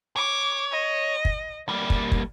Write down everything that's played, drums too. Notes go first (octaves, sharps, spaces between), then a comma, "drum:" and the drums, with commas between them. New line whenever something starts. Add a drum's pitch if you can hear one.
C#5 D6
D#5
drum: kick
G3 A#3 D5
drum: kick
drum: kick